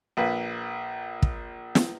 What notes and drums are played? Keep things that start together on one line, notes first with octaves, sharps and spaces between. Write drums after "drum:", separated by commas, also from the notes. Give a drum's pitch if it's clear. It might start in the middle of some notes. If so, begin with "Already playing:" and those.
A#1 A#3 B4
drum: kick
drum: snare